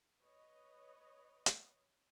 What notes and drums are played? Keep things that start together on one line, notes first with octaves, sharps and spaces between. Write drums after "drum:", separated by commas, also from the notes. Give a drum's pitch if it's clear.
B4 C#5 D#5
drum: hi-hat